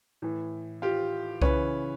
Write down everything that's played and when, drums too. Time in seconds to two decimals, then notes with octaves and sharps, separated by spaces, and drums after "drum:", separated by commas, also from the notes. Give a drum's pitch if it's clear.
0.22 A2 E3
0.82 F4 G4
1.42 C#3 E3 B4 C#5, drum: kick C2